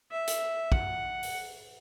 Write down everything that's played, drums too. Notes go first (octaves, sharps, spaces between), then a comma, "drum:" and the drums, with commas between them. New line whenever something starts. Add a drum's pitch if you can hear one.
E5
drum: hi-hat
F#5, drum: kick
drum: open hi-hat